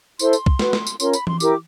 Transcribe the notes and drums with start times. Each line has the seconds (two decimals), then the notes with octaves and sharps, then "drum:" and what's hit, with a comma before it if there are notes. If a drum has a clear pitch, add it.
0.19 E4 A4 C5 C6, drum: tambourine
0.33 drum: tambourine
0.46 drum: kick
0.59 F#4 B4, drum: snare
0.73 drum: snare
0.87 drum: tambourine
1.00 C#4 F4 A#4 C#5 C6, drum: tambourine
1.13 B5, drum: tambourine
1.27 C6, drum: tom E3
1.40 E4 G4 A#4 D6, drum: tambourine